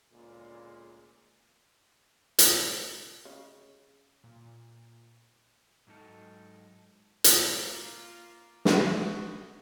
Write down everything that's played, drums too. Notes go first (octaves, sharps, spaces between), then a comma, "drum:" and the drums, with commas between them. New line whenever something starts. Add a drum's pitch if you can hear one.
D2 A#2 C#3 G#3
D#5, drum: hi-hat
C#3 D#5
A#2
G#2 F#3 D#4 A4
drum: hi-hat
A#3 F4
F#4 D#5, drum: snare